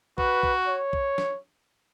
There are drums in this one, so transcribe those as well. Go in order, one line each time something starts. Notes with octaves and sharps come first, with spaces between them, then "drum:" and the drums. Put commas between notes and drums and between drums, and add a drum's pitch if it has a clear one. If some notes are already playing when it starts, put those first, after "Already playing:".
F#4 B4, drum: kick B1
drum: kick B1
C#5
drum: kick B1
drum: snare